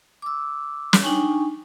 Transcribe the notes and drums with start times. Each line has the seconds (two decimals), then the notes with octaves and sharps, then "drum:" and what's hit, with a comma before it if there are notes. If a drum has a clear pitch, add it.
0.22 D6 E6
0.93 drum: snare
1.02 D4 D#4 G5 G#5 C#6